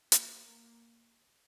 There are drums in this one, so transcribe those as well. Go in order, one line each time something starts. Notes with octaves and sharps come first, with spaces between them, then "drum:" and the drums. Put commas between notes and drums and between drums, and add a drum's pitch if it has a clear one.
A#3, drum: hi-hat
A#3